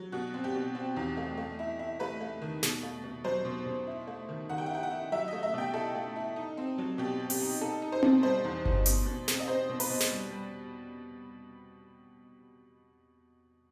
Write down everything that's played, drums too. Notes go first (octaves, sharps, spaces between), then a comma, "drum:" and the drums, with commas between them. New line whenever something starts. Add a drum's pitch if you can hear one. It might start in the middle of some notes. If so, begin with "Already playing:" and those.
Already playing: F#3
B2 F#4
C4
G4
B2
C4
E2
A3
A3
E4
E4
A3 B4
A3
D#3
B2, drum: snare
A3
B2
F#3 C5
B2
B2
E4
A3
D#3
D#3 F#5
G5
F#5
E4
G5
F#5
E4
F#3 E5
A3 D#5
E5
B2 G5
E4 A4
A3
E4
D#4
C4
F#3
B2 G4
C4
G4, drum: open hi-hat
D#4
D#4 A4
D#4
C5
B2, drum: tom C4
G3 C5
E2
D#4, drum: kick G1
B2, drum: hi-hat
B2
C4, drum: snare
D#5
C4 C5
B2
B4, drum: open hi-hat
B2
drum: snare
G3
G3